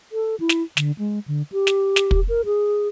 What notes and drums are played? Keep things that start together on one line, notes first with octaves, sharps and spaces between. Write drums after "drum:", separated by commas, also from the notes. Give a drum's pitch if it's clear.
A4
E4
drum: snare
D3, drum: snare
G#3
D3
G4
drum: snare
drum: snare
drum: kick
A#4
G#4